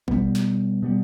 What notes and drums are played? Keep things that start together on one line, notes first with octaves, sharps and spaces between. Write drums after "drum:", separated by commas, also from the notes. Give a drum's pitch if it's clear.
B2 G3 B3, drum: kick G#1
drum: snare
B2 G3 B3